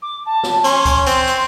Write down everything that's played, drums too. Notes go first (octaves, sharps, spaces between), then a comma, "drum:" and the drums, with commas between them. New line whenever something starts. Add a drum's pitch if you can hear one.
D6
A5
drum: snare
C#4 C6, drum: hi-hat
drum: kick C#2, hi-hat
C4, drum: hi-hat
drum: hi-hat